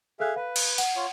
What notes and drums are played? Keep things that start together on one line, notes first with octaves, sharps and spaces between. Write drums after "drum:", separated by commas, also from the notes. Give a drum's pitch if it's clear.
G#4 A4 E5 F5 F#6
B4 F5
drum: cymbal
F#5, drum: cymbal
F4 C#5